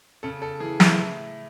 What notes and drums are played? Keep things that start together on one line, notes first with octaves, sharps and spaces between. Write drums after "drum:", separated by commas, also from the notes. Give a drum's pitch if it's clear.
C#3 A4
A4
E3 G#4
E4, drum: snare
A2